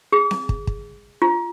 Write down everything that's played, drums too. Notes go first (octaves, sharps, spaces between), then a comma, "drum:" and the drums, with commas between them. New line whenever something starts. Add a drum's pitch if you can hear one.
G#4
drum: snare C4
drum: kick
drum: kick
F4